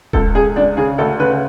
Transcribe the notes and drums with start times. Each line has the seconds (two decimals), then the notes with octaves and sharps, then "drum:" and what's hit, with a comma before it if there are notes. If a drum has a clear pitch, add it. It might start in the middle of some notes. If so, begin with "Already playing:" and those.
0.13 C#2 A4, drum: kick D#1
0.35 C#2 G#4
0.56 C#2 D4
0.77 C#3 G#4
0.98 D2 A4
1.20 C#3 B4